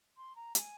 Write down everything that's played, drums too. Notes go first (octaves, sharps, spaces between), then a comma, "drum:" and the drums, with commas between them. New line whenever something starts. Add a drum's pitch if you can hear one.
C6
A#5
A#5, drum: hi-hat
G#5